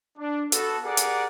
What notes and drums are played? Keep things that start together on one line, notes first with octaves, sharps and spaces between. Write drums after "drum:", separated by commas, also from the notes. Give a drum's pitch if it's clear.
D4
B3 F#4 A4, drum: hi-hat
G4 G#4 A#4 D5 F#5
drum: hi-hat